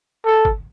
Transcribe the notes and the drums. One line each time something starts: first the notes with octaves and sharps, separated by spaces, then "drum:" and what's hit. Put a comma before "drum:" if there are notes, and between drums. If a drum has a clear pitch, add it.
A4
drum: kick